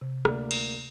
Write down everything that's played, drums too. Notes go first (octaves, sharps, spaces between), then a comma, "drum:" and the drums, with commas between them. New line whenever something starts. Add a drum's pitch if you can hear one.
C3
D2 A#3 D5, drum: rim click
drum: cymbal